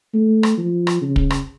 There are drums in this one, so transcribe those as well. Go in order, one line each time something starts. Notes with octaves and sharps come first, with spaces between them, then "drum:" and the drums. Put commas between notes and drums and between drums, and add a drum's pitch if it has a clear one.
A3
drum: rim click
F3
drum: rim click
C#3
drum: kick
drum: rim click